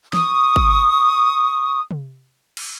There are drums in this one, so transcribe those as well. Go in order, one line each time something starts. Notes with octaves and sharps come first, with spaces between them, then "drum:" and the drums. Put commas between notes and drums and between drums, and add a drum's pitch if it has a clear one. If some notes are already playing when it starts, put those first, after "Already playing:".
C#6 D#6, drum: snare
drum: kick G#1
drum: tom
drum: cymbal